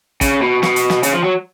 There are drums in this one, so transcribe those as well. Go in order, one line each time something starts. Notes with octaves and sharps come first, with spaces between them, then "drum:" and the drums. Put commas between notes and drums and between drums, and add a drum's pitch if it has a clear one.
C#3, drum: kick, hi-hat
B2
B2, drum: snare
drum: hi-hat
drum: snare
C#3, drum: hi-hat
F3
F#3